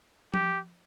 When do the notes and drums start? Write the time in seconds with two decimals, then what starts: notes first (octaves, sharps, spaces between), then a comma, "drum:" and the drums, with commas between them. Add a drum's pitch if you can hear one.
0.34 G4, drum: tom F3